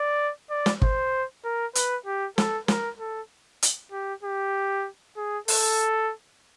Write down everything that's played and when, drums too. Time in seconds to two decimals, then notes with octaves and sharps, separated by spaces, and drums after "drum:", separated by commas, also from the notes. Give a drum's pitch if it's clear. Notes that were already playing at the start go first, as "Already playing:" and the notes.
Already playing: D5
0.50 D5
0.66 drum: snare
0.82 C5, drum: kick
1.44 A#4
1.75 B4, drum: hi-hat
2.06 G4
2.38 A4, drum: snare
2.68 A#4, drum: snare
2.99 A4
3.62 drum: hi-hat
3.92 G4
4.23 G4
5.17 G#4
5.48 A4, drum: open hi-hat